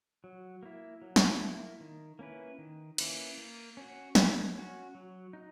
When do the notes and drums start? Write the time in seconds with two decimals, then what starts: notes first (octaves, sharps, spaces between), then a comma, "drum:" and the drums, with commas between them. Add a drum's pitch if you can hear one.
0.24 F#3
0.63 A#3 E4
1.02 F#3
1.16 drum: snare
1.41 A#3 E4
1.80 D#3
2.19 A#3 C#4 E4 B4
2.58 D#3
2.98 A#3 C#4 E4 B4, drum: cymbal
3.38 A#3
3.77 C#4 F#4
4.15 A#3, drum: snare
4.55 C#4 F#4
4.95 F#3
5.33 D#4